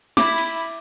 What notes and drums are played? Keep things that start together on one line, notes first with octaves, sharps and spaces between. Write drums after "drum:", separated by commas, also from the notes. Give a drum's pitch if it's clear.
E4 B5 D6, drum: snare
drum: cymbal